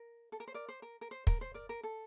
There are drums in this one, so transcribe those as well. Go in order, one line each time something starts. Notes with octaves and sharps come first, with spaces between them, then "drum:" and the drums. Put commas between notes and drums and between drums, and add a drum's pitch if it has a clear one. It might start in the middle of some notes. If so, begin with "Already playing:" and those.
Already playing: A#4
A4
A#4
C5
A#4 D5
C5
A#4
A#4
C5
A#4, drum: kick
C5
A#4 D5
A#4
A4